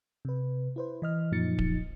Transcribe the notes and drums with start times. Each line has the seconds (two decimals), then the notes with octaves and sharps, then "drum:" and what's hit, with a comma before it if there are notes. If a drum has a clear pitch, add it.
0.25 C3 B4
0.76 E4 B4 C5
1.02 E3 D#5 F6
1.32 F#2 A#2 F3 D#4 A6 C#7
1.59 drum: kick D1